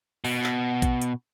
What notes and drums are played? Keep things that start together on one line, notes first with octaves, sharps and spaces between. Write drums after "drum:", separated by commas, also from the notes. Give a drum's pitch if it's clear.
B2, drum: open hi-hat
drum: clap
drum: kick A#1, hi-hat
drum: hi-hat